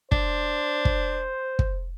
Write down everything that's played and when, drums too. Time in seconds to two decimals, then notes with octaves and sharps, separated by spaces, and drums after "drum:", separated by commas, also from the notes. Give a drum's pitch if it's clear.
0.12 D4 C5, drum: kick
0.85 drum: kick
1.59 drum: kick